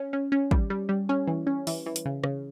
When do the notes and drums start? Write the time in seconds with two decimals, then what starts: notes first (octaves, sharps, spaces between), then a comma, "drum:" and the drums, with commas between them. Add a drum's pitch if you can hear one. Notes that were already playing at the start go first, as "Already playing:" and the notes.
Already playing: C#4
0.13 C#4
0.32 C#4
0.51 G3, drum: kick
0.70 G3
0.89 G3
1.09 C#4
1.27 E3
1.47 C#4
1.67 E3, drum: open hi-hat
1.86 E3
1.96 drum: hi-hat
2.05 C#3
2.24 C#3, drum: rim click